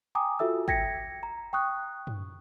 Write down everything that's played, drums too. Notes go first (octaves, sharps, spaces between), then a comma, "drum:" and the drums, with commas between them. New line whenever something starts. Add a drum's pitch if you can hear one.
G5 G#5 A#5 D6 D#6
F4 F#4 A4 E5 E6
G5 G#6 A#6 B6 C#7, drum: kick
A#5
G5 C#6 D#6 F#6
drum: tom